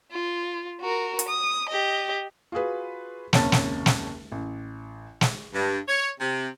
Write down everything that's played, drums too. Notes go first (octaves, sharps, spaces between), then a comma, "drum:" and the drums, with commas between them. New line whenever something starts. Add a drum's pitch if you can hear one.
F4
F#4 A#4
drum: hi-hat
D#6
G4 D#5
F4 F#4 G#4 B4
F#1 D#2 C3 C#4 A5 A6, drum: snare
drum: snare
drum: snare
A1
drum: snare
G2
C#5
C3